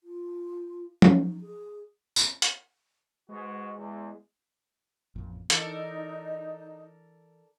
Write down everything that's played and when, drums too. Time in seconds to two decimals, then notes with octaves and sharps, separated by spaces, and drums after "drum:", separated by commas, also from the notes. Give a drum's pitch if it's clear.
0.04 F4
1.02 D#4, drum: tom F3
1.41 G#4
2.16 drum: tambourine
2.42 drum: hi-hat
3.29 G#2 G#3 F#4 B4
3.76 E2
5.16 A1 F2 A#2
5.50 E3 D#4 A4 A#4 D5, drum: hi-hat